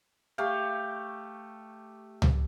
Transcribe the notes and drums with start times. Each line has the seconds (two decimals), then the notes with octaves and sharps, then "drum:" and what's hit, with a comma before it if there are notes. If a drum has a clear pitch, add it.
0.38 A3 G4 F5
2.22 drum: tom C#2